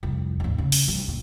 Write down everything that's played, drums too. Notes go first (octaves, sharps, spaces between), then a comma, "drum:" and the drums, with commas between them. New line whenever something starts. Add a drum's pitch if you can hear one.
C2 F2
D#2 A2
C#3
drum: open hi-hat
C2
A#2 D3